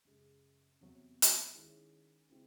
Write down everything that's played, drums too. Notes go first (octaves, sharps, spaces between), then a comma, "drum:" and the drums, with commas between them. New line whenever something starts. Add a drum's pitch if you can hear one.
F#2 C#3 G#3
E2 C3 F#3
drum: hi-hat
D#3 G#3 C#4 E4
C#3 G#3 C4 E4